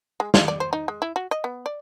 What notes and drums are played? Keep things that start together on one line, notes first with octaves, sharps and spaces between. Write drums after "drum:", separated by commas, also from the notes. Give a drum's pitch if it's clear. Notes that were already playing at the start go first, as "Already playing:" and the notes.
G#3
F4, drum: snare
D5
C5
D#4
G#3
E4
F#4
D#5
B3
D5